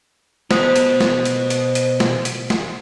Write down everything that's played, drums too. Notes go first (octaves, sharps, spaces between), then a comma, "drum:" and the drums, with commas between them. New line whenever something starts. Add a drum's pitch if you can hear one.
B2 C5 D#6, drum: snare
drum: hi-hat
drum: snare
drum: hi-hat
drum: hi-hat
drum: hi-hat
drum: snare
drum: hi-hat
drum: snare